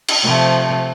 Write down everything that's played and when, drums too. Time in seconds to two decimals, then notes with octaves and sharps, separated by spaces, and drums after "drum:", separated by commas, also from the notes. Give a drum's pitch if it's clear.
0.08 drum: cymbal
0.24 C3 F3 A3